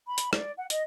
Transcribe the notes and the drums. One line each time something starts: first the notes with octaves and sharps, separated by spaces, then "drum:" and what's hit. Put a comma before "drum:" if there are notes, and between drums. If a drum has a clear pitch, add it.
B5
drum: hi-hat
D5, drum: rim click
F#5
D#5, drum: hi-hat